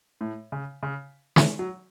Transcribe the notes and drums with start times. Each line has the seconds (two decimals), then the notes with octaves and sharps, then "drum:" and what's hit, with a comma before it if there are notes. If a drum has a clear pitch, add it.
0.21 A2
0.52 C#3
0.83 C#3
1.36 E3, drum: snare
1.59 F#3